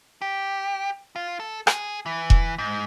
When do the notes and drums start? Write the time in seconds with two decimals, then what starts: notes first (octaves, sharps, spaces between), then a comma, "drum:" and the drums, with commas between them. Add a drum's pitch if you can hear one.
0.22 G4
1.16 F4
1.40 A4
1.67 G#4, drum: rim click
2.06 E3
2.30 drum: kick E1
2.58 G#2